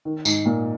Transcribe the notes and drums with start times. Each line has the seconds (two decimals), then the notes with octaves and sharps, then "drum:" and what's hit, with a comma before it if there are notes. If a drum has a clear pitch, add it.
0.05 D#3
0.25 G#2, drum: tambourine
0.46 A#2